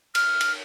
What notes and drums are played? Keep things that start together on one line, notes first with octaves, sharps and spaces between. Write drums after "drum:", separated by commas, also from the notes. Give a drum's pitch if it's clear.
F6, drum: cymbal
drum: cymbal